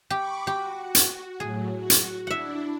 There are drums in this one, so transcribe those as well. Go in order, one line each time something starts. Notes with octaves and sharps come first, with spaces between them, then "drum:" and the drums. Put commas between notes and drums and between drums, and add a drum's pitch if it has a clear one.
G4 B5 C#6 D6
F#4 G4
drum: hi-hat
A2 F#3 G#4
F#4
drum: hi-hat
D4 E4 E5 F#5